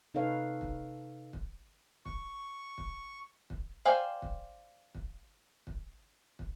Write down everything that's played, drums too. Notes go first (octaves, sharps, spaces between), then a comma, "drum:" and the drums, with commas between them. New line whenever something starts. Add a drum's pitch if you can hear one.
C3 D#4 A4 B4 C#5 F5
drum: kick
drum: kick
C#6, drum: kick
drum: kick
drum: kick
C5 D5 F5 G5 G#5
drum: kick
drum: kick
drum: kick
drum: kick